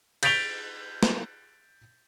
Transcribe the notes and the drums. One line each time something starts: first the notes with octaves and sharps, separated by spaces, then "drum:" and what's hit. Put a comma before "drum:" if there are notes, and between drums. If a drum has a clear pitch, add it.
G6 A6 B6 D7 F7 G7, drum: cymbal
drum: snare